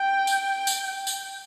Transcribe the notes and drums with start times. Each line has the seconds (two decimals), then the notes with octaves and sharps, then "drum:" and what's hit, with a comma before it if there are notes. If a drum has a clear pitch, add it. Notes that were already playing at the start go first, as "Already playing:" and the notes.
Already playing: G5
0.27 drum: tambourine
0.67 drum: tambourine
0.87 G5
1.07 drum: tambourine